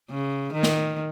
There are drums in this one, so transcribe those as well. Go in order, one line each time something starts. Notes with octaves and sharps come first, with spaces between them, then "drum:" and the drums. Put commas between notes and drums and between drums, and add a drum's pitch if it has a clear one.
C#3
D#3
drum: snare